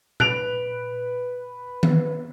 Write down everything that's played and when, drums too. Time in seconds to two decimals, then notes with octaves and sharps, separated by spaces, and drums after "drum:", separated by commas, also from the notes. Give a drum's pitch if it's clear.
0.20 B4 F#6 D7 F7, drum: tom A#2
1.83 drum: tom D#3